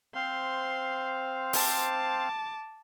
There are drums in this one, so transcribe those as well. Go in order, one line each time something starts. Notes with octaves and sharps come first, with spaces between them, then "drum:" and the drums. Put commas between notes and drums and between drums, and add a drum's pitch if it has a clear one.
C4 C5 F5 C6
A5 D6, drum: open hi-hat